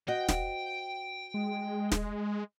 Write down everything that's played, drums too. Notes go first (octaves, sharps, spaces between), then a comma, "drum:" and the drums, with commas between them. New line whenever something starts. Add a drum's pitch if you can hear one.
F#4 C5 D#5 G5
drum: snare
G#3
drum: snare